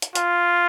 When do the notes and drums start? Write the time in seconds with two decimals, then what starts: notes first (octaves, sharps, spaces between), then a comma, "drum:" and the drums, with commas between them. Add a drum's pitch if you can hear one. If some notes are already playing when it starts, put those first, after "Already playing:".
0.02 drum: hi-hat
0.15 F4, drum: hi-hat